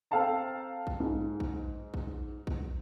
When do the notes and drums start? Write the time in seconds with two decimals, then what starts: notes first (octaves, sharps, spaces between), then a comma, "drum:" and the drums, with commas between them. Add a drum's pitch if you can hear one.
0.11 C4 A4 F5 G5 A5 A#5
0.87 drum: kick A#1
1.00 G#2
1.40 drum: kick A#1
1.94 drum: kick A#1
2.47 drum: kick A#1